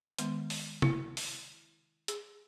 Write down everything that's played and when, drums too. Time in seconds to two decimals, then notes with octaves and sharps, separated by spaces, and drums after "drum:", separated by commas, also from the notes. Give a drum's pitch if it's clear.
0.19 D#3 G#3 B3, drum: hi-hat
0.50 drum: open hi-hat
0.82 E4, drum: tom
1.17 drum: open hi-hat
2.08 G#4, drum: hi-hat